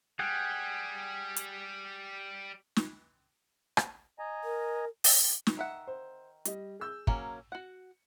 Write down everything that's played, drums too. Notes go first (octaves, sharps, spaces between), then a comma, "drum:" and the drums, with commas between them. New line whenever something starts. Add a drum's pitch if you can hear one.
G3 G#4 F#5 G5
drum: hi-hat
drum: snare
drum: rim click
D#5 G#5 A#5
A#4
drum: open hi-hat
drum: snare
D#3 E5 F#5
C5
G3 D#5, drum: hi-hat
G#4 E6 G6
F#3 A#3 C#4, drum: kick
F#4 F#5 C#7